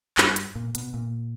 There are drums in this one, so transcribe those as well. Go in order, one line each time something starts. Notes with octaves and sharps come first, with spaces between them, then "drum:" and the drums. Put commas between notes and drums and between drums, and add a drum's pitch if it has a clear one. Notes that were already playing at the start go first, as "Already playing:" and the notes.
G2, drum: clap
drum: hi-hat
A#2
B2, drum: hi-hat
A#2